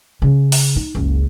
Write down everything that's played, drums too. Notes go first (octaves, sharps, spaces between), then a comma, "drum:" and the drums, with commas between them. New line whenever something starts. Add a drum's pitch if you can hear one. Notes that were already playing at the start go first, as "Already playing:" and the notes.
C#3 C#4
drum: open hi-hat
D#4
F#1 C#2